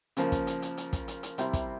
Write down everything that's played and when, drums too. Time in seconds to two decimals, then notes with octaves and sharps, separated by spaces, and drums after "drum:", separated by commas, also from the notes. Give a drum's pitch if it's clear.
0.17 C#3 F3 A#3, drum: hi-hat
0.32 drum: kick, hi-hat
0.47 drum: hi-hat
0.62 drum: hi-hat
0.77 drum: hi-hat
0.93 drum: kick, hi-hat
1.08 drum: hi-hat
1.23 drum: hi-hat
1.38 C3 G3 C4 E4, drum: hi-hat
1.53 drum: kick, hi-hat